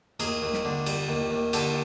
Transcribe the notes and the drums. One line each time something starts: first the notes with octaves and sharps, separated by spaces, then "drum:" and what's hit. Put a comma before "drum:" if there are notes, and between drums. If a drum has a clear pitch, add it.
D#2 G#4 A#4, drum: cymbal
D#2
drum: snare
D3
G3, drum: cymbal
D#2
D#2
D3 G4 A4, drum: cymbal